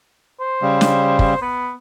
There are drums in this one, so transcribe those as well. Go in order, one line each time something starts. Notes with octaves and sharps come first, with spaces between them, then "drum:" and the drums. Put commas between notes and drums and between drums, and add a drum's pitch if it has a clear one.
C5
C#3 G3
drum: snare
drum: kick
B3